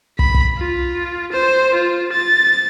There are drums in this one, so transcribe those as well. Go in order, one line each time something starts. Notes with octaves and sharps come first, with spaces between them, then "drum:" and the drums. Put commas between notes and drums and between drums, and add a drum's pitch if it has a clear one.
B5, drum: kick
drum: kick
F4
C5
F4
A6